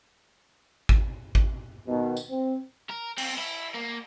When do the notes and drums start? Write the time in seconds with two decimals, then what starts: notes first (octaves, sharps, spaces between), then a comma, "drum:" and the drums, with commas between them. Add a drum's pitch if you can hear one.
0.89 drum: kick G#1
1.35 drum: kick G#1
1.88 B2 D#3
2.17 drum: tambourine
2.29 C4
2.90 A#4
3.18 C4, drum: cymbal
3.38 E4
3.75 A#3